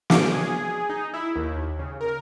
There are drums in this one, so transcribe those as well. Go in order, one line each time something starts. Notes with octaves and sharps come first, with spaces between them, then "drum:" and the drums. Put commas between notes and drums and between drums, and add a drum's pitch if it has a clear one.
D6, drum: snare
G#4
D#4
E4
D#2
C#3
A#4